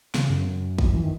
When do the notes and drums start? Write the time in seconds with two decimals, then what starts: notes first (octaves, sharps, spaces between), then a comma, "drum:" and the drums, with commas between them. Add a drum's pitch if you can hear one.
0.14 C#3, drum: snare
0.30 F#2
0.79 E2, drum: kick
0.86 F#2
0.95 E3
1.03 D#3